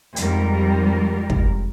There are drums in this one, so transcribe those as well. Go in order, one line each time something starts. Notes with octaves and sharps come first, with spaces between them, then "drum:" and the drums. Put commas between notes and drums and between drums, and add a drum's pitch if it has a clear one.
F2 G#2 G3 A#4, drum: hi-hat
drum: kick